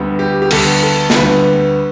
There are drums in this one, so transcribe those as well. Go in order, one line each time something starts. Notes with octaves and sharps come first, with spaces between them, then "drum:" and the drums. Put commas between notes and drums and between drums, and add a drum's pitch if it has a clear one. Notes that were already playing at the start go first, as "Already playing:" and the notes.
Already playing: D2 D3 G3 B3
G4
G4
D2 D3 G3 B3 A4, drum: cymbal
A4
A4, drum: snare
D2 D3 G3 B3 B4